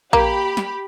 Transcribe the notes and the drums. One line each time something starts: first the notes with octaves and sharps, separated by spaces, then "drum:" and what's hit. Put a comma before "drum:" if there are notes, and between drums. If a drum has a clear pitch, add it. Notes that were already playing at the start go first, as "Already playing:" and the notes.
A#3 G4 B5, drum: kick A#1
drum: snare